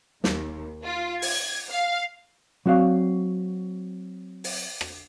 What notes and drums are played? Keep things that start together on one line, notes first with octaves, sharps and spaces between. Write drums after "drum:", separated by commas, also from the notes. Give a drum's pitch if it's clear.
D#2, drum: snare
F4
G#6, drum: open hi-hat
F5
F#3 C4 F#4 D5 F5
drum: open hi-hat
drum: rim click